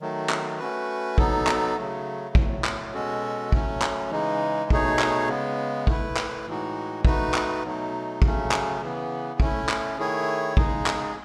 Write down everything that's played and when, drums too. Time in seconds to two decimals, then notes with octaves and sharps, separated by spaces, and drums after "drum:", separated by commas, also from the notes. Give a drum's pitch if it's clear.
0.01 D#3 F#3 A3
0.30 drum: clap
0.59 A3 C#4 F#4 B4
1.18 F#3 B3 D#4 A4, drum: kick
1.47 drum: clap
1.76 C#3 F#3 A3
2.35 A2 F#3 A3, drum: kick
2.64 drum: clap
2.94 B2 G#3 C#4 F#4 A4
3.52 F#3 A3 C#4, drum: kick
3.82 drum: clap
4.11 C#3 E3 G#3 D#4
4.70 B2 A3 D#4 G#4 C#5, drum: kick
4.99 drum: clap
5.28 C#3 G#3 B3
5.87 A3 E4 B4, drum: kick
6.17 drum: clap
6.46 A2 E3 G#3 D#4 F#4
7.05 A3 D#4 F#4 B4, drum: kick
7.34 drum: clap
7.63 B2 F#3 A3 D#4
8.22 C#3 F#3 A3 C#4, drum: kick
8.51 drum: clap
8.81 C#3 E3 B3
9.40 A3 C#4 E4, drum: kick
9.69 drum: clap
9.98 D#3 A3 E4 G#4 C#5
10.57 C#3 G#3 D#4 G#4, drum: kick
10.86 drum: clap